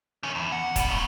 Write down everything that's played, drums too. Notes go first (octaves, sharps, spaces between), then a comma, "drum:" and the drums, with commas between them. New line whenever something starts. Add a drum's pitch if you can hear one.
D#3 C#4
E2
F#5
G3 B3, drum: kick, hi-hat
D#2 A2